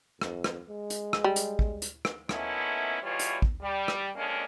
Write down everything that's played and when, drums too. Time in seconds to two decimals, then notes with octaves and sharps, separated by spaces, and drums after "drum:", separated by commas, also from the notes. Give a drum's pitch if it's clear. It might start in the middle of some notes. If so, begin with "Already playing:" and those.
0.21 F2, drum: rim click
0.44 drum: rim click
0.69 G#3
0.90 drum: hi-hat
1.13 drum: rim click
1.24 G3
1.36 drum: hi-hat
1.59 drum: kick
1.82 drum: hi-hat
2.05 drum: rim click
2.29 A#2 A3 B3 C#4 D#4 E4, drum: rim click
3.01 E2 B2 E3 G3 F4 C#5
3.19 drum: hi-hat
3.42 drum: kick
3.60 G3
3.88 drum: rim click
4.15 F2 G#3 A#3 C#4 D4 D#5